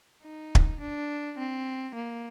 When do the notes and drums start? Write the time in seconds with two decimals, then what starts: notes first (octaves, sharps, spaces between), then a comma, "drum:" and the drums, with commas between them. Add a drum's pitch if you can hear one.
0.23 D#4
0.55 drum: kick
0.81 D4
1.38 C4
1.95 A#3